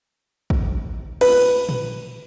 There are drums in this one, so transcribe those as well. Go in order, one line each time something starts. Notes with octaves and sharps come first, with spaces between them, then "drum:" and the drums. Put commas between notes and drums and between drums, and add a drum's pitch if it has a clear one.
drum: kick
B4, drum: cymbal
drum: tom